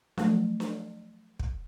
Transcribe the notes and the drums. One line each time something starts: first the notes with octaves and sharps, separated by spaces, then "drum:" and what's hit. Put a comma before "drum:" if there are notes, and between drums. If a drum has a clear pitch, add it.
F3 F#3 A3, drum: snare D4
drum: snare D4
drum: kick